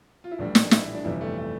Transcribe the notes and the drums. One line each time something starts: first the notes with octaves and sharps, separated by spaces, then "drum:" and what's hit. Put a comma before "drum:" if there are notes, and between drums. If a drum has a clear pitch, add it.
F4
E4
A#1 A2 E3 G3 D4
drum: snare
E4, drum: snare
D4
G1 F2 C3 E3 G3 E4
A3
A3